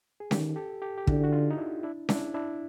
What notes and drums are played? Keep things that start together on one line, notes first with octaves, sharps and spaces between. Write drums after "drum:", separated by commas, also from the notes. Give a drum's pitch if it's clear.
G#4
D#3 G4 A4, drum: snare C#4
G4 A4
G4 A4
G4
D3 E4 F#4, drum: kick
F#4
D#4 F4
D#4
D4 E4
D4 E4
D4 E4, drum: snare C#4
D4 E4